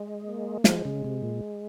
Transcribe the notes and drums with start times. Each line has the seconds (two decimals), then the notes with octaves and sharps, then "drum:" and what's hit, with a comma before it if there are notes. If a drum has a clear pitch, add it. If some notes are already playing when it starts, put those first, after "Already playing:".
Already playing: G#3
0.26 A#3
0.64 F3 G#3, drum: snare
0.85 C#3
1.04 C3
1.23 A#2